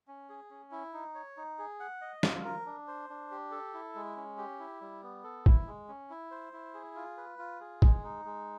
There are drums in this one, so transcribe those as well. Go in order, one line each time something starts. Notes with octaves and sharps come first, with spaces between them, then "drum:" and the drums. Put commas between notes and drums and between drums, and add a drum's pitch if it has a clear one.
C#4
G#4
C#4
E4
D#4
C#5
D#4
G#4
F#5
D#5
F4, drum: snare
A#4
D4
C5
D4
G4
A4
E4
G#3
C#4
G4
E4
G3
B3
A4
E4, drum: kick
G#3
C#4
E4
C5
E4
G#4
F4
B4
F4
G#4
G#3, drum: kick
D#4
G#3